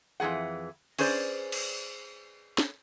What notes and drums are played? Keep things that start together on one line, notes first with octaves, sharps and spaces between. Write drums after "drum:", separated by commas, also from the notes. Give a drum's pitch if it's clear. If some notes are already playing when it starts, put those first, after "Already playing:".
F2 E3 G3 G#4 F#5
C#4 G#4 B4 C5 D5, drum: cymbal
drum: cymbal
drum: snare